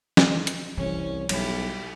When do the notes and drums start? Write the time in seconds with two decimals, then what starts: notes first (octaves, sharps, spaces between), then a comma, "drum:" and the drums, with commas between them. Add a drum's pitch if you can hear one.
0.17 drum: snare
0.47 drum: hi-hat
0.77 C2 E3 C#4 C#5
1.29 B1 G3 E4 G4, drum: cymbal